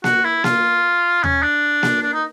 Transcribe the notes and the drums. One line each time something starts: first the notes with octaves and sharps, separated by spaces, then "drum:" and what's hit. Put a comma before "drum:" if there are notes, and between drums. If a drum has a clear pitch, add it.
F#4, drum: snare A#3
E4
F4, drum: snare A#3
C#4, drum: tom D#2
D4
drum: snare A#3
D4
D#4